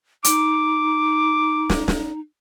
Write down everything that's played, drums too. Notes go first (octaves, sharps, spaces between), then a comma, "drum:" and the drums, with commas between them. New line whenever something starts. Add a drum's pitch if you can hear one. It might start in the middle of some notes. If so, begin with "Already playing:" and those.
D#4 D6, drum: hi-hat
drum: snare
drum: snare